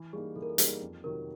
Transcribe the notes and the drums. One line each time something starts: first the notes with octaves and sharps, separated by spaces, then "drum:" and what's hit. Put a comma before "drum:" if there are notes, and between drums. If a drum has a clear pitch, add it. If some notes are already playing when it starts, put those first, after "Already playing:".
Already playing: E3
G3 A#3 D#4 G#4
E3 A4
A#4
A4
G3 A#3 D#4 G#4, drum: hi-hat
F2
C3 D#3 F#3 A#4